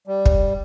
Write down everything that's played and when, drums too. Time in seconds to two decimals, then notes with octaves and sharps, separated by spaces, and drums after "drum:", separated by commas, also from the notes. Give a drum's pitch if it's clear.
0.07 G3
0.26 drum: kick